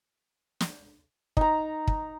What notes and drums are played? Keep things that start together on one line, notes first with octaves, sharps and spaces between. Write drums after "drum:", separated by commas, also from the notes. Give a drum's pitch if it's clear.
drum: snare
D#4 A#5, drum: kick
drum: kick